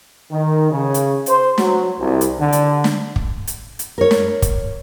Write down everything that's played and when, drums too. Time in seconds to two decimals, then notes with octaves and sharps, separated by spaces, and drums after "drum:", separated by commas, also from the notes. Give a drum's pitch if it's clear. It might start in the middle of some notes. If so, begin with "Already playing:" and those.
0.29 D#3
0.70 C#3
0.94 drum: hi-hat
1.26 C5, drum: hi-hat
1.58 F#3, drum: snare
1.98 C2
2.21 drum: hi-hat
2.38 D3
2.52 drum: hi-hat
2.84 drum: snare
3.16 drum: kick
3.47 drum: hi-hat
3.79 drum: hi-hat
3.98 A#4 C#5
4.11 drum: snare
4.42 drum: kick, hi-hat